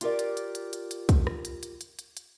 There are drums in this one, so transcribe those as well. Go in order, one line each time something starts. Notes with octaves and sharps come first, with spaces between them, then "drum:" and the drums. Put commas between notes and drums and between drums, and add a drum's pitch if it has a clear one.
F4 G4 A#4 D5, drum: hi-hat
drum: hi-hat
drum: hi-hat
drum: hi-hat
drum: hi-hat
drum: hi-hat
drum: kick, hi-hat
drum: rim click
drum: hi-hat
drum: hi-hat
drum: hi-hat
drum: hi-hat
drum: hi-hat